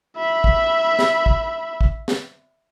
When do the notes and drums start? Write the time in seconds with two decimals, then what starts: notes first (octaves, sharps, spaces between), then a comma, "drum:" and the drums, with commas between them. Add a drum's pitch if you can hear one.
0.17 E5 B5
0.44 drum: kick
0.99 drum: snare
1.26 drum: kick
1.81 drum: kick
2.08 drum: snare